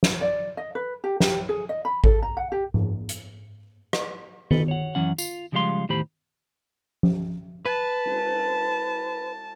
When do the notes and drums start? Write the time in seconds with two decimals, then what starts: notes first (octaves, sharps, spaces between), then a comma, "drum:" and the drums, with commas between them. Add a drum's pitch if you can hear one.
0.03 drum: snare
0.21 D5
0.57 D#5
0.75 B4
1.04 G4
1.20 G4, drum: snare
1.49 G#4
1.69 D#5
1.85 B5
2.04 A4, drum: kick G#1
2.22 A#5
2.37 F#5
2.52 G4
2.74 drum: tom G#2
3.09 drum: hi-hat
3.93 drum: rim click
4.51 A4 B4 D#5, drum: tom D#3
4.68 C#5 F#5
4.95 F#2 E3 C#4 F#5
5.18 F4, drum: tambourine
5.52 C#3 F3 G3 G#3 F5 C6
5.89 E2 A2 D#3 G4 C5 B5
7.03 drum: tom F3
7.65 B4 A5
8.05 drum: cymbal